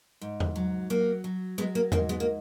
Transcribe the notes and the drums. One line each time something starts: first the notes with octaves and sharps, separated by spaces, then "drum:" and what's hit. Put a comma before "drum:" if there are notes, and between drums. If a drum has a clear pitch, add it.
G#2
drum: tom E2
F#3
F#3 A#3
F#3
F#3 G#3 B3
A#3
G#2 A#3, drum: tom E2
G#3 B3
A#3